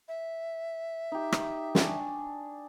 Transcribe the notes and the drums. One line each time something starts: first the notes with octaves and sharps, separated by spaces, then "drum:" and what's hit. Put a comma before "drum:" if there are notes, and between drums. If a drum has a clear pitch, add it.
E5
D#4 G4
drum: rim click
D4 G#5 C#6, drum: snare